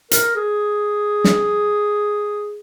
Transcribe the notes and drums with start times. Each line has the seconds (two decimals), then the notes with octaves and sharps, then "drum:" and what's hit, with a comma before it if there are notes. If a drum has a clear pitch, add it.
0.11 A#4, drum: hi-hat
0.36 G#4
1.24 drum: snare